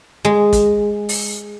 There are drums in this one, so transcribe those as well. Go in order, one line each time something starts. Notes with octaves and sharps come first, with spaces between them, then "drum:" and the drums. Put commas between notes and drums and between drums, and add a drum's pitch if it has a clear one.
G#3
drum: kick, hi-hat
drum: open hi-hat